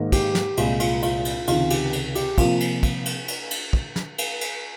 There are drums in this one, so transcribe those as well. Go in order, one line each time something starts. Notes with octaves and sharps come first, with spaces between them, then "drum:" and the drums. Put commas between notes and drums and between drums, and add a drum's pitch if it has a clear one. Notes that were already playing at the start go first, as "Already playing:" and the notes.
Already playing: G#2 D#3 A#3
G4, drum: kick, cymbal
drum: snare
C2 A#2 G#3 F4, drum: cymbal
F4, drum: cymbal
F4, drum: cymbal
drum: cymbal
C#2 C3 D#3 F4, drum: cymbal
G4, drum: cymbal
drum: cymbal
G4, drum: cymbal
C3 F3 A#3 F4, drum: kick, cymbal
drum: cymbal
drum: kick, cymbal
drum: cymbal
drum: cymbal
drum: cymbal
drum: kick
drum: snare
drum: cymbal
drum: cymbal